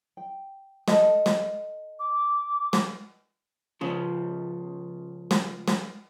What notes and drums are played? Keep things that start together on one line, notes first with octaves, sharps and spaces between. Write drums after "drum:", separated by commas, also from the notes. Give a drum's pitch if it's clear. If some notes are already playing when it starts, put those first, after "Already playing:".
G5
A4 D#5, drum: snare
drum: snare
D6
drum: snare
C#2 C#3 F3
drum: snare
drum: snare